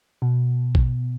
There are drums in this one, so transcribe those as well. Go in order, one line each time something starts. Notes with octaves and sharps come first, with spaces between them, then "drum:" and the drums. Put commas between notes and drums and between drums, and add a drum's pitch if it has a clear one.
B2
drum: kick A#1